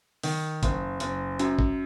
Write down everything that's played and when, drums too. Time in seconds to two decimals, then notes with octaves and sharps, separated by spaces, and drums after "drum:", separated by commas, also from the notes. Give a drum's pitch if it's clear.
0.23 D#3, drum: open hi-hat
0.63 F#1, drum: kick, hi-hat
1.00 F#1, drum: hi-hat
1.39 F#2, drum: hi-hat
1.59 drum: kick